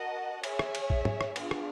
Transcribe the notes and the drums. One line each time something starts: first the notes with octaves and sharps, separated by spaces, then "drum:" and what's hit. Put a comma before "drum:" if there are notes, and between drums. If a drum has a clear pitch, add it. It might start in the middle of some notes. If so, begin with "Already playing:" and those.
Already playing: F#4 A#4 D#5 F#5 A5
G#4 C#5 E5 G#5, drum: cymbal
drum: rim click
drum: cymbal
drum: kick
drum: tom
drum: rim click
B3 D4 F4 G#4, drum: cymbal
drum: rim click